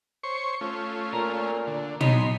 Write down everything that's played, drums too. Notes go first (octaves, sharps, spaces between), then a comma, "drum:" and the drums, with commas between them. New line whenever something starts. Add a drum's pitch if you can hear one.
C5 C#5 C#6
A3 C#4 F4
A#2 A#4
D3
F#3 B3 D#4 C#5 B5 C6, drum: tom